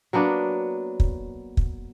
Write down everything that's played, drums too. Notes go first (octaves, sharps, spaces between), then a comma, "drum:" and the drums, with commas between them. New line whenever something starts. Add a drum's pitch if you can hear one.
F#3 A#3 B3 D4
drum: kick
drum: kick